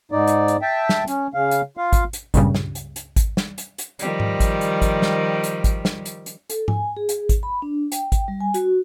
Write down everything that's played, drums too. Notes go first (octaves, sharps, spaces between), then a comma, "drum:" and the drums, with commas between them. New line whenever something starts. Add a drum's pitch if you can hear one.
G#2 D#4 D5
drum: hi-hat
drum: hi-hat
E5 G5 A5
drum: snare
C#4, drum: hi-hat
C#3 F5
drum: hi-hat
F4 F5
drum: kick G#1, hi-hat
drum: hi-hat
C#2 G2 A#2 C#3 G3, drum: kick G#1, hi-hat
drum: snare
drum: hi-hat
drum: hi-hat
drum: kick G#1, hi-hat
drum: snare
drum: hi-hat
drum: hi-hat
D#3 F3 G3, drum: hi-hat
drum: tom G#2
drum: kick G#1, hi-hat
drum: hi-hat
drum: kick G#1, hi-hat
drum: snare
drum: hi-hat
drum: kick G#1, hi-hat
drum: snare
drum: hi-hat
drum: hi-hat
A4, drum: hi-hat
G#5, drum: tom G#2
G#4
drum: hi-hat
drum: kick G#1, hi-hat
B5
D4
G5, drum: hi-hat
drum: kick G#1, hi-hat
G3
G#5
F#4, drum: hi-hat